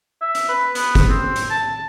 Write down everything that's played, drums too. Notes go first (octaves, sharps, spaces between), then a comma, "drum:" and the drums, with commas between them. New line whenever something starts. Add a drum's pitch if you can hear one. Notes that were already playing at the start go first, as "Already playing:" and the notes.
E5
drum: hi-hat
B4
B3, drum: hi-hat
drum: kick, hi-hat
C4
drum: hi-hat
A5